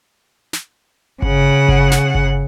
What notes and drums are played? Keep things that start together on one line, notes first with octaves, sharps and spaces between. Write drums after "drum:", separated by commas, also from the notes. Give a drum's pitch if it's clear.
drum: snare
C#3 F#5, drum: kick G1
drum: kick G1
drum: snare
drum: kick G1